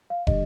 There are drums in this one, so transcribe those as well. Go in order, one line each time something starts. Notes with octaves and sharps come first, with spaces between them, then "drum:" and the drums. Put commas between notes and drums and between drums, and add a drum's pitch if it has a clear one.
F5
D3 G3 D#5, drum: kick